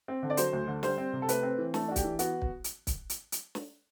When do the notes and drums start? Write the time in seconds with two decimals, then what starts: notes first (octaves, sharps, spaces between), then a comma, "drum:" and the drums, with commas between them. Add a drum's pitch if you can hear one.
0.08 C4
0.23 D3
0.30 D5
0.37 F#3 C5, drum: hi-hat
0.53 D2
0.68 D3
0.83 G3 C5, drum: snare
0.98 C4
1.13 C3
1.22 A4
1.29 A3 B4, drum: hi-hat
1.43 C4
1.58 E3
1.74 A3 A4, drum: snare
1.88 D4 F#4
1.96 G4, drum: kick, hi-hat
2.04 E3
2.19 B3 F#4, drum: hi-hat
2.42 drum: kick
2.64 drum: hi-hat
2.87 drum: kick, hi-hat
3.10 drum: hi-hat
3.32 drum: hi-hat
3.55 drum: snare